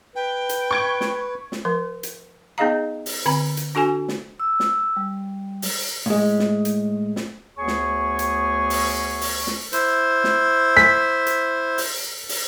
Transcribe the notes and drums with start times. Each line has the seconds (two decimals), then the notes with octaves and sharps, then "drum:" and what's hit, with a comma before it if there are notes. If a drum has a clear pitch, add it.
0.16 B4 G5
0.49 drum: hi-hat
0.71 C#6 G#6 D7
1.01 drum: snare
1.52 drum: snare
1.65 F3 A#4
2.03 drum: hi-hat
2.58 B3 D#4 G#4 D#5 F5 A#5
3.06 drum: open hi-hat
3.26 D3 C4 A#5 B5
3.57 drum: hi-hat
3.75 D4 F#4 A4 G#5
4.08 drum: snare
4.40 E6
4.60 drum: snare
4.97 G3
5.62 drum: open hi-hat
6.06 A2 G#3
6.39 drum: snare
6.65 drum: hi-hat
7.16 drum: snare
7.57 D2 B3 G#4 C#5 G#5 C#6
7.67 drum: snare
8.19 drum: hi-hat
8.70 drum: open hi-hat
9.21 drum: open hi-hat
9.47 drum: snare
9.73 E4 C5, drum: hi-hat
10.24 drum: snare
10.77 B6, drum: snare
11.27 drum: hi-hat
11.78 drum: open hi-hat
12.29 drum: open hi-hat